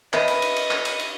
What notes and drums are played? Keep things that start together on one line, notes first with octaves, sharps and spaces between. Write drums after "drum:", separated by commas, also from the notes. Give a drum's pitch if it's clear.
B4 D#5 E5, drum: clap
drum: cymbal
drum: cymbal
drum: cymbal
drum: clap
drum: cymbal
drum: cymbal